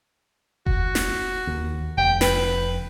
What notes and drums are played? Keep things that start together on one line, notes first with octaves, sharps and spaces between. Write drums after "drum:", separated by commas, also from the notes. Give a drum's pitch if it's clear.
F#4, drum: kick F1
drum: snare
D#2
F1 G5
B4, drum: snare